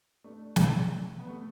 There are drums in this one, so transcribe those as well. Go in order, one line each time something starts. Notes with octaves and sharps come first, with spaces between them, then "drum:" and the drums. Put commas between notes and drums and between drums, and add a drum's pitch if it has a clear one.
A3 D4
drum: snare
B3
A3